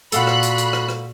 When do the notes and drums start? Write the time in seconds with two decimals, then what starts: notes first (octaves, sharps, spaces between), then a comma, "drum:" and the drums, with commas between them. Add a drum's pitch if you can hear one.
0.12 A#2 F#4 A4 F5 F#5 B5 F#6, drum: hi-hat
0.27 drum: rim click
0.43 drum: hi-hat
0.58 drum: hi-hat
0.73 drum: rim click
0.89 drum: rim click